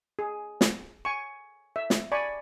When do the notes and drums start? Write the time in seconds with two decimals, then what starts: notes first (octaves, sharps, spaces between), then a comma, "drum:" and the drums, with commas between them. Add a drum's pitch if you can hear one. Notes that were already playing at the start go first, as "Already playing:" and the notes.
0.19 G#4
0.61 drum: snare
1.05 G#5 C#6
1.76 E5
1.90 drum: snare
2.12 D5 G#5 B5 C#6